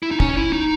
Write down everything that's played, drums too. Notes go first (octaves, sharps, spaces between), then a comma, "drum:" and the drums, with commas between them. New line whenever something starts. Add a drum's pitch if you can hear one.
E4
D#4
C#4, drum: kick
E4
D#4